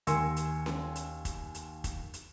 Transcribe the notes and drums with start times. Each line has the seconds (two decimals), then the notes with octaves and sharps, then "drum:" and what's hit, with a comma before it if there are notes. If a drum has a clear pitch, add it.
0.07 D#2 A#4 G#5 C6 E6 C#7, drum: hi-hat
0.36 drum: hi-hat
0.66 drum: snare C#4
0.95 drum: hi-hat
1.25 drum: kick, hi-hat
1.55 drum: hi-hat
1.84 drum: kick, hi-hat
2.14 drum: hi-hat